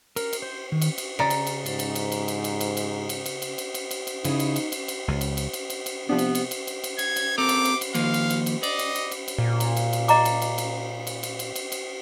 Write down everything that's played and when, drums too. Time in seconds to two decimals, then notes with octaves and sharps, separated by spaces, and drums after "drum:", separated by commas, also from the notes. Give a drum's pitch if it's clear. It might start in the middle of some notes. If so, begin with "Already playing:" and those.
0.16 A#4, drum: cymbal
0.33 drum: cymbal
0.42 C5
0.72 D#3
0.82 drum: cymbal
0.98 drum: cymbal
1.19 C#3 D5 A#5 A6
1.30 drum: cymbal
1.47 drum: cymbal
1.66 G#2, drum: cymbal
1.79 drum: cymbal
1.95 drum: cymbal
2.12 drum: cymbal
2.28 drum: cymbal
2.44 drum: cymbal
2.61 drum: cymbal
2.77 drum: cymbal
3.09 drum: cymbal
3.26 drum: cymbal
3.42 drum: cymbal
3.58 drum: cymbal
3.74 drum: cymbal
3.91 drum: cymbal
4.07 drum: cymbal
4.24 C#3 D#4 E4 G#4, drum: cymbal
4.40 drum: cymbal
4.56 drum: cymbal
4.72 drum: cymbal
4.88 drum: cymbal
5.08 C#2
5.21 drum: cymbal
5.37 drum: cymbal
5.53 drum: cymbal
5.70 drum: cymbal
5.86 drum: cymbal
6.09 C3 F3 B3 D4
6.19 drum: cymbal
6.35 drum: cymbal
6.51 drum: cymbal
6.67 drum: cymbal
6.84 drum: cymbal
6.99 G#6, drum: cymbal
7.16 drum: cymbal
7.38 C4 A4 A#4 D6
7.49 drum: cymbal
7.65 drum: cymbal
7.81 drum: cymbal
7.95 D#3 F3 A#3 F5, drum: cymbal
8.14 drum: cymbal
8.30 drum: cymbal
8.46 drum: cymbal
8.63 D5 D#5, drum: cymbal
8.79 drum: cymbal
8.95 drum: cymbal
9.11 drum: cymbal
9.28 drum: cymbal
9.38 A#2
9.60 drum: cymbal
9.77 drum: cymbal
9.93 drum: cymbal
10.08 D#5 A#5 D6, drum: cymbal
10.25 drum: cymbal
10.42 drum: cymbal
10.58 drum: cymbal
11.07 drum: cymbal
11.23 drum: cymbal
11.39 drum: cymbal
11.56 drum: cymbal
11.72 drum: cymbal